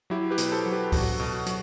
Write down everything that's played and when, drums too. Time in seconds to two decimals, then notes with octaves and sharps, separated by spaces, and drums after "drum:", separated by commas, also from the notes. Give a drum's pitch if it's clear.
0.10 F#3 E4 G4
0.30 G4 B4
0.38 B2, drum: hi-hat
0.52 A4 C5
0.66 F#3
0.72 G4 B4
0.92 F#3 F#4 A4, drum: kick C#2, open hi-hat
1.20 B2
1.46 F#3, drum: hi-hat